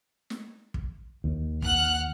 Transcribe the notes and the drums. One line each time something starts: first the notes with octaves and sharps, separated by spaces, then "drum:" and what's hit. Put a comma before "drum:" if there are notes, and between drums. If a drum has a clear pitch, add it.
drum: snare
drum: kick
D#2
F#5 F6 F#6, drum: kick